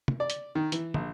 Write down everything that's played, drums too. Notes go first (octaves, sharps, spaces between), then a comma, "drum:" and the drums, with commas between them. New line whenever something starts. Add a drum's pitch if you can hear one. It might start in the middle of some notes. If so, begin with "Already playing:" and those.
drum: tom
D5
drum: hi-hat
D#3
E3, drum: hi-hat
A#1, drum: tom